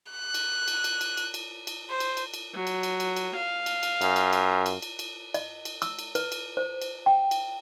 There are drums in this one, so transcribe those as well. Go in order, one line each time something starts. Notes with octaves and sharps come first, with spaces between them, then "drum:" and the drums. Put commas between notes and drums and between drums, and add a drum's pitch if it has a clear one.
F#6
drum: cymbal
drum: cymbal
drum: cymbal
drum: cymbal
drum: cymbal
drum: cymbal
drum: cymbal
C5
drum: cymbal
drum: cymbal
drum: cymbal
F#3
drum: cymbal
drum: cymbal
drum: cymbal
drum: cymbal
F5
drum: cymbal
drum: cymbal
F#2, drum: cymbal
drum: cymbal
drum: cymbal
drum: cymbal
drum: cymbal
drum: cymbal
D#5, drum: cymbal
drum: cymbal
E6, drum: cymbal
drum: cymbal
B4, drum: cymbal
drum: cymbal
C5
drum: cymbal
G5
drum: cymbal